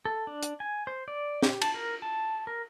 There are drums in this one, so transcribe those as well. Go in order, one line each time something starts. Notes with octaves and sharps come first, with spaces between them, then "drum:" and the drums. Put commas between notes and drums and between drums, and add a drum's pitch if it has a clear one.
A4
D4
drum: hi-hat
G#5
C5
D5
G4, drum: snare
A5, drum: cymbal
A#4
A5
A#4